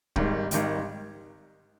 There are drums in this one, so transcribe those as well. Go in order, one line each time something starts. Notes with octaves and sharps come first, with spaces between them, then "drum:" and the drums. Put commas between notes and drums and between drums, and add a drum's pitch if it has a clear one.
G#1 G#2 D#3 G3, drum: kick
G#1 G#2 D#3 G3, drum: hi-hat